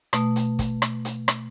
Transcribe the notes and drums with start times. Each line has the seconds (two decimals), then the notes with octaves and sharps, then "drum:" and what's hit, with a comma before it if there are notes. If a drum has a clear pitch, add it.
0.13 B2 A3, drum: rim click
0.36 drum: hi-hat
0.59 drum: kick, hi-hat
0.82 drum: rim click
1.05 drum: hi-hat
1.28 drum: rim click